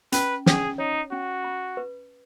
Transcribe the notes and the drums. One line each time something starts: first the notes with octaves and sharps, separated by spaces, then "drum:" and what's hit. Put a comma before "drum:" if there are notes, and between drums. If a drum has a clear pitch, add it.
C#4 B4, drum: hi-hat
C#4 G#4, drum: snare
D#4 C#5
C#4 F#4
B5
B4